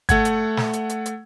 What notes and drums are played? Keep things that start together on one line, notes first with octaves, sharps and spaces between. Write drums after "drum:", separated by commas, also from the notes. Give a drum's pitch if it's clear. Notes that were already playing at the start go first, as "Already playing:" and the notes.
A3 F#5 G#6, drum: kick, hi-hat
drum: hi-hat
drum: snare
drum: hi-hat
drum: hi-hat
drum: hi-hat